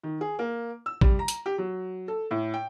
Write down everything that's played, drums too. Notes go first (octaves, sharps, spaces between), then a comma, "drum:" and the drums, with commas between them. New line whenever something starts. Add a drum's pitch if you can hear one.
D#3
G#4
A#3
E6
G3, drum: kick
A#5
drum: hi-hat
G4
F#3
A4
A2
G5